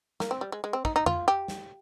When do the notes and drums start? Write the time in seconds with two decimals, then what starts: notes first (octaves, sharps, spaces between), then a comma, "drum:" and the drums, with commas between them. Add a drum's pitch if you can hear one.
0.20 A#3, drum: snare
0.31 C4
0.41 G3
0.52 G#3
0.64 G#3
0.73 C4
0.85 D#4, drum: kick
0.96 D#4
1.06 F4, drum: tom F2
1.28 G4
1.48 drum: snare